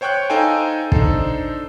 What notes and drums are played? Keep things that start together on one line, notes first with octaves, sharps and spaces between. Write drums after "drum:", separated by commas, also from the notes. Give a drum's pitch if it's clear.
C5 C#5 G5 C#6 F#6 G6
D#4 A4 C5 F5 G5 G#5
D4 D#4 A4 C5, drum: kick